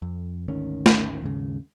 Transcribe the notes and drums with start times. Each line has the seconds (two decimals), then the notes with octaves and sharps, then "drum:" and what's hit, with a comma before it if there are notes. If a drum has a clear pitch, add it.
0.02 F2
0.48 G#1 D2 D#3 C#4
0.86 drum: snare
1.22 D#2 G#2 C#3